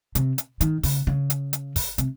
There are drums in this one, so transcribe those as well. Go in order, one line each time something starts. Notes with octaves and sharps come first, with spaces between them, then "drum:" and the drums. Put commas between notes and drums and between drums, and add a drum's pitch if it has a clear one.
C3, drum: hi-hat
drum: hi-hat
D#3, drum: hi-hat
C#3, drum: kick, open hi-hat
C#3
drum: hi-hat
drum: hi-hat
drum: kick, open hi-hat
C3, drum: hi-hat